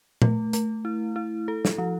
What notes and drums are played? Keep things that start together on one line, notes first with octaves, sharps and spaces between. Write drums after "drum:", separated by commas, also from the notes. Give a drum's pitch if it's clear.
A3, drum: tom
A3, drum: hi-hat
E4
E4
A4
drum: snare
F3